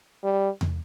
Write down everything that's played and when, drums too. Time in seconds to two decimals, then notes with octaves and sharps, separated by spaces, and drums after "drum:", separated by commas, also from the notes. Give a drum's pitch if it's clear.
0.23 G3
0.61 drum: tom E2